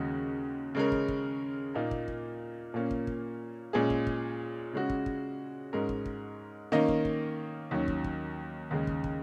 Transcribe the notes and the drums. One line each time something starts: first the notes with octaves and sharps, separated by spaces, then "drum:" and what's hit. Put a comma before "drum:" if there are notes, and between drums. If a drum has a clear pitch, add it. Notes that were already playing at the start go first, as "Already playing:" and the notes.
Already playing: D#2 C#3 G#3 C#4 F#4
C#3 G#3 C#4 A#4
drum: kick
drum: kick
A#2 A#3 D#4 A#4
drum: kick
drum: kick
A#2 A#3 C#4
drum: kick
drum: kick
A#2 G#3 C#4 G#4
drum: kick
drum: kick
C#3 G#3 C#4 F#4
drum: kick
drum: kick
G#2 G#3 C#4 A#4
drum: kick
drum: kick
D#3 A#3 C#4 A#4 D#5
drum: kick
drum: kick
D#2 D#3 F#3 C#4
drum: kick
drum: kick
D#2 C#3 G#3
drum: kick
drum: kick